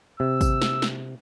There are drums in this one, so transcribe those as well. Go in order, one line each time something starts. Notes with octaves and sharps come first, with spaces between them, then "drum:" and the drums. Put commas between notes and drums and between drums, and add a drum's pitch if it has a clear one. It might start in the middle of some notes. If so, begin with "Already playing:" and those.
C3 E6
drum: kick, tambourine
drum: snare
drum: snare